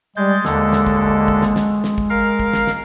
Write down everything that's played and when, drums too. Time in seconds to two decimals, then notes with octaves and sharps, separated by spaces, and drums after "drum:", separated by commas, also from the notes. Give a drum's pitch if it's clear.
0.16 G3 G#3 G6 A6
0.45 D#2 D3 G#3 A4, drum: snare
0.73 drum: snare
0.87 drum: kick
1.28 drum: kick
1.42 drum: snare
1.56 drum: snare
1.84 drum: snare
1.98 drum: kick
2.10 A#4 F5
2.40 drum: kick
2.53 drum: snare
2.67 drum: snare